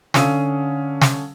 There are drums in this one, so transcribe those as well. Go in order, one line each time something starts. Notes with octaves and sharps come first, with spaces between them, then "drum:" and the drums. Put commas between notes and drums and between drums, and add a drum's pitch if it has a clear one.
D3 C#4 F5 D#6 E6 D#7, drum: snare
drum: snare